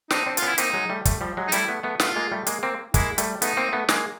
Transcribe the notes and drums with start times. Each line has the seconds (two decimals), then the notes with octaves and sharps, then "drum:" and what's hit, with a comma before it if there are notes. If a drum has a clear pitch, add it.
0.11 C4 D4 D#4, drum: snare
0.26 C4 D4
0.37 F4, drum: hi-hat
0.42 B3 C#4
0.48 E4
0.58 A#3 C4 D#4, drum: hi-hat
0.73 F#3 G#3
0.89 G3 A3
1.05 G3 A3, drum: kick, hi-hat
1.21 F3 G3
1.37 F#3 G#3
1.48 D#4
1.52 G3 A3 E4, drum: hi-hat
1.68 A3 B3
1.83 A3 B3
2.00 A3 B3 F4, drum: snare
2.16 G#3 A#3
2.32 G3 A3
2.47 G#3 A#3, drum: hi-hat
2.63 A#3 C4
2.94 G#3 A#3 E4, drum: kick, hi-hat
3.18 G3 A3, drum: hi-hat
3.42 A3 B3 D#4, drum: hi-hat
3.57 A#3 C4
3.73 A3 B3
3.89 G#3 A#3, drum: snare